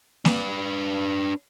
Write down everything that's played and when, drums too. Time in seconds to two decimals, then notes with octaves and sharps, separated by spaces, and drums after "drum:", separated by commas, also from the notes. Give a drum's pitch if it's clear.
0.25 D4 B4, drum: snare A#3